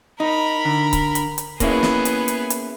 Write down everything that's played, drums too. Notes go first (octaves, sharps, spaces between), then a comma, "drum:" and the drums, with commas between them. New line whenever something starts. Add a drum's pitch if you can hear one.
D#4 A#4 B5
D3
drum: kick C#1, hi-hat
drum: hi-hat
drum: hi-hat
A#3 B3 C#4 E4 G#4, drum: kick C#1, hi-hat
drum: snare
drum: hi-hat
drum: hi-hat
drum: hi-hat